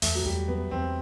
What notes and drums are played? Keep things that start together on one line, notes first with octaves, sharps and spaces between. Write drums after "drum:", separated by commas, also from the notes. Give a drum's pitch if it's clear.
E2 A3, drum: open hi-hat
F#3
E2 G3
F#3 B3
E2 C4